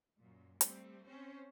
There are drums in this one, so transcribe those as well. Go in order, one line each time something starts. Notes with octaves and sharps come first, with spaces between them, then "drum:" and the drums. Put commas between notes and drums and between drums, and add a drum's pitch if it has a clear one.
F#2 A#2
G3 A3 C4, drum: hi-hat
C4 C#4 C5 C#5